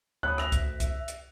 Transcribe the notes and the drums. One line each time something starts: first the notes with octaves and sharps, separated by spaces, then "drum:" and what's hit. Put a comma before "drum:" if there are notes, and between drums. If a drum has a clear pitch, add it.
D2 C#5 B5 D#6 F#6
E5 E6 A#6 F7, drum: rim click
drum: kick C2, hi-hat
drum: kick C2, hi-hat
drum: hi-hat